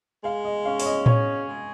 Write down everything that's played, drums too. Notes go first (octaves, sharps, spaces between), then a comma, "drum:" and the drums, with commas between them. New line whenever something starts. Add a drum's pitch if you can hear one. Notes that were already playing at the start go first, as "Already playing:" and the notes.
G#3 F5
D#5
C#4 F5
C#5, drum: open hi-hat
D#5
G#4 C#5, drum: tom A2
G#3